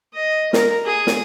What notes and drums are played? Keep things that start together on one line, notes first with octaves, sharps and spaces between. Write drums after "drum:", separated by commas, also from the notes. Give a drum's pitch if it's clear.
D#5
A#4, drum: snare
G#4
drum: snare